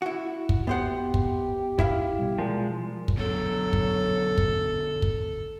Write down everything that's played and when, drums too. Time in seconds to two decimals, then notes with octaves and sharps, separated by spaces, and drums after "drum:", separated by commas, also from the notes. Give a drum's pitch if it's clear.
0.02 E4 F#4
0.49 drum: kick
0.67 F2 B3 G4 C5 E5 F#5 G5
1.14 drum: kick
1.79 E4 E5 F5, drum: kick
2.18 B2 G3
2.39 A#2 F3 G#3
3.08 drum: kick
3.17 B2 D3 F#3 A4
3.73 drum: kick
4.38 drum: kick
5.02 drum: kick